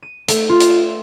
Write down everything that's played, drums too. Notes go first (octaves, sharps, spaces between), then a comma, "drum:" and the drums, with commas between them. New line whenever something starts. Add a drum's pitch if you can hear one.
D#7
A3, drum: hi-hat
F4
drum: hi-hat
E7